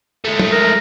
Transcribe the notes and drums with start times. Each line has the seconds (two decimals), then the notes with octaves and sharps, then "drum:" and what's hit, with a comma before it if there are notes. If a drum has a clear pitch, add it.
0.25 G#3 A3
0.39 drum: tom
0.52 A#4